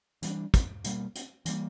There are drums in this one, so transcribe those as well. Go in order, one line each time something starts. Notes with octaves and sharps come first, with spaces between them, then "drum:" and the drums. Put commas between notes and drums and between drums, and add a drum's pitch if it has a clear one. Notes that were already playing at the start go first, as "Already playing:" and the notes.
E3 G3 A#3 D4, drum: hi-hat
drum: kick, hi-hat
B2 G3 A#3, drum: hi-hat
drum: hi-hat
E3 G3 A#3, drum: hi-hat